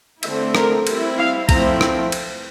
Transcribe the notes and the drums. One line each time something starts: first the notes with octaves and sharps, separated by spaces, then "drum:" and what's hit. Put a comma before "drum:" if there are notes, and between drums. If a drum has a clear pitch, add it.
D3 A3 C4 E4 E5, drum: cymbal
A#4, drum: rim click
G3 C4 E4, drum: cymbal
F5
F3 A3 C4 E4 A#5, drum: kick B1, cymbal
drum: rim click
drum: cymbal